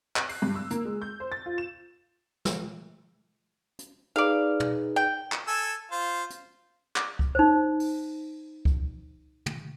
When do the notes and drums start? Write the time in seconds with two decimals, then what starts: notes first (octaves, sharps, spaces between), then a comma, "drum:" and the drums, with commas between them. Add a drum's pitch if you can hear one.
0.16 F#6, drum: clap
0.29 C7, drum: open hi-hat
0.42 G2
0.55 E6
0.71 A#3, drum: hi-hat
0.85 G#3
1.02 G6
1.20 C5
1.32 A6
1.46 F4
1.58 E7
2.45 drum: snare
3.79 drum: hi-hat
4.16 D#4 G#4 B4 D5 F5
4.60 drum: tom
4.96 G5
5.32 drum: clap
5.48 A4 G#5 E6
5.92 F4 C5
6.30 drum: hi-hat
6.96 drum: clap
7.19 drum: kick C#2
7.35 D#4 C5
7.80 drum: open hi-hat
8.65 drum: kick C#2
9.46 drum: tom